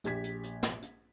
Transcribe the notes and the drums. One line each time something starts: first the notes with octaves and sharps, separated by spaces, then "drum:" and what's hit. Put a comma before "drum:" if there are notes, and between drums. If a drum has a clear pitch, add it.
A#1 G4 G#6 B6, drum: hi-hat
drum: hi-hat
drum: hi-hat
drum: snare
drum: hi-hat